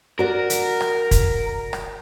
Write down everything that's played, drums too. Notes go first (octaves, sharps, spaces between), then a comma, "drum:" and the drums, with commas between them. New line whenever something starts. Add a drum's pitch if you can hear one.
F#4 A#4 D5
drum: hi-hat
drum: rim click
drum: kick, hi-hat
drum: rim click